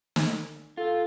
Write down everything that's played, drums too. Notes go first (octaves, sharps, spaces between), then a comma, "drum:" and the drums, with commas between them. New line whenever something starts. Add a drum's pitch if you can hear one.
drum: snare
F4 A4